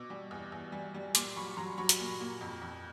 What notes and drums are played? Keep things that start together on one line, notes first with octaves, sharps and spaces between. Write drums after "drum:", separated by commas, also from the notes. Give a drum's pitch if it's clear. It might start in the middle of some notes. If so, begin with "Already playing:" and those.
Already playing: B2 D6 E6
G3
E2
E2
G3
G3
A#2 C6 D6, drum: hi-hat
F#3 B5 C#6
F#3 A#5 C6
F#3 B5 C#6
drum: hi-hat
A#2
A#2
F2
F2